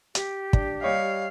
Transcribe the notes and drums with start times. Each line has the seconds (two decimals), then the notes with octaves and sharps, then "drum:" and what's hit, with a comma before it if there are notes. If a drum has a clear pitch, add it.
0.15 G4, drum: hi-hat
0.53 D4, drum: kick
0.82 G3 C#5 D#5 F5